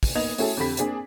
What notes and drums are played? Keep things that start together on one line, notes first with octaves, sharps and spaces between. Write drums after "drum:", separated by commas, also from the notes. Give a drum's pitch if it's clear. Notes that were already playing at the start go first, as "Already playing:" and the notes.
drum: kick, open hi-hat
A#3 B3 D#4 D#5 G#6 F7
A3 C#4 E4 F#4 G#4 A4, drum: open hi-hat
F2 D3 G4 B5 B6
A#3 C4 D4 G#4, drum: hi-hat